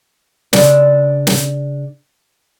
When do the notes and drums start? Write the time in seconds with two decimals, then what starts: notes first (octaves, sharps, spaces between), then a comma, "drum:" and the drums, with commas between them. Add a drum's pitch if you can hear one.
0.53 C#3 D4 D5, drum: snare
1.27 drum: snare